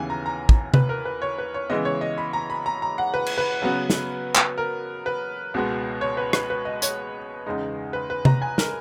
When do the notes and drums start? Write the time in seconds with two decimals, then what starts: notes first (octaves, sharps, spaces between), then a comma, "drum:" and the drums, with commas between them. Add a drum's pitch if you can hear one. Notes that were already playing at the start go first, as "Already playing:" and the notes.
Already playing: D#2 C#3 E3 B3 G#5
0.10 A#5
0.26 A#5
0.49 drum: kick
0.74 B4, drum: tom C3
0.89 A#4
1.05 B4
1.22 C#5
1.38 B4
1.54 C#5
1.70 C#3 E3 G#3 B3 D#5
1.85 C#5
2.01 D#5
2.18 B5
2.33 A#5
2.50 B5
2.66 A#5
2.82 A#5
2.98 F#5
3.14 B4
3.26 drum: cymbal
3.38 B4
3.62 C#3 F#3 B3
3.90 drum: snare
4.35 drum: clap
4.58 A#4
5.06 B4
5.54 C#2 B2 G#3 B3
6.01 C#5
6.17 B4
6.33 B4, drum: rim click
6.50 B4
6.65 D#5
6.82 C#5, drum: hi-hat
7.46 E2 C#3 G#3 D#4
7.93 B4
8.10 B4
8.25 A#5, drum: tom C3
8.42 G#5
8.58 A#4, drum: snare